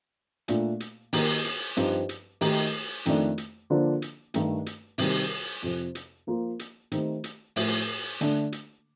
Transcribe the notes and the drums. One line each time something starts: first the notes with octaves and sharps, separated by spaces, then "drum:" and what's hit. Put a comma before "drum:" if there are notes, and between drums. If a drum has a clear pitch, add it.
A#2 A3 D4, drum: hi-hat
drum: hi-hat
D#3 A#3 D#4 G4, drum: open hi-hat
drum: hi-hat
G2 F3 C4 D#4 G4, drum: hi-hat
drum: hi-hat
D#3 A3 D#4 G4, drum: open hi-hat
F2 D#3 A3 D4, drum: hi-hat
drum: hi-hat
D3 F3 A#3 D4 F4
drum: hi-hat
G2 D#3 A3, drum: hi-hat
drum: hi-hat
C3 D#3 G3, drum: open hi-hat
F2 C3 F3
drum: hi-hat
F3 A#3 F4
drum: hi-hat
D#3 A3 C4 D#4 G4, drum: hi-hat
drum: hi-hat
A2 F3 A3, drum: open hi-hat
D3 A3 D4, drum: hi-hat
drum: hi-hat